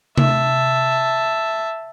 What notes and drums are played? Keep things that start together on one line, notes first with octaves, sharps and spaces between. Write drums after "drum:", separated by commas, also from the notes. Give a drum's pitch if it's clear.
E5 A5, drum: tom C3